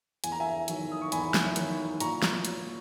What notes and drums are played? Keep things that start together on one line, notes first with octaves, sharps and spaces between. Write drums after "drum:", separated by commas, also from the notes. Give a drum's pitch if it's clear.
E2 G#5, drum: hi-hat
A#5
E5 G#5
D#3 F#3, drum: hi-hat
D#6
C#6
E2 G#5 B5, drum: hi-hat
drum: snare
D#3 F#3, drum: hi-hat
A#2 A#5 C#6, drum: hi-hat
drum: snare
F#3, drum: hi-hat